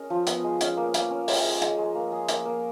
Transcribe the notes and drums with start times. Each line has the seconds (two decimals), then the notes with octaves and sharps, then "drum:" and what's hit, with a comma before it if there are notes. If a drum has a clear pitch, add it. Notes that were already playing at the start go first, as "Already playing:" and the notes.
Already playing: C#4 G#4 A#4 D#5
0.10 F3
0.27 B3, drum: hi-hat
0.44 G#3
0.61 C#4, drum: hi-hat
0.77 A#3
0.94 A#3, drum: hi-hat
1.10 C#4
1.28 G#3, drum: open hi-hat
1.44 G#3
1.62 G#3, drum: hi-hat
1.78 G#3
1.95 A#3
2.12 G#4
2.29 A#3, drum: hi-hat
2.45 A#3